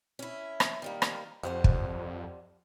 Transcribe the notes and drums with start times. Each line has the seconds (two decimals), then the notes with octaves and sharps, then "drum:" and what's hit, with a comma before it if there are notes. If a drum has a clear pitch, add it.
0.19 C#4 E4
0.60 drum: rim click
0.82 D#3 G3 A#3
1.02 drum: rim click
1.43 F2 G3 C5 F#5
1.64 drum: kick